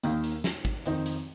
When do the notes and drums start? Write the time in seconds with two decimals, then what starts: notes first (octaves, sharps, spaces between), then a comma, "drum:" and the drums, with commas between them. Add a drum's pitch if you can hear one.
0.03 D#2 D#3 A#3, drum: hi-hat
0.24 drum: hi-hat
0.44 drum: snare
0.65 drum: kick, hi-hat
0.86 F2 D#3 C4 D#4, drum: hi-hat
1.06 drum: hi-hat